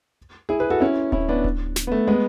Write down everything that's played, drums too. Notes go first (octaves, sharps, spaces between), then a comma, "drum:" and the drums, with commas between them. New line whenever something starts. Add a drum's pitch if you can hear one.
E4 G#4
G#4 B4
F#4 A4
C#4 E4
C#4 E4, drum: kick D1
B3 D4
drum: kick D1
drum: snare
B3
A3
G#3 B3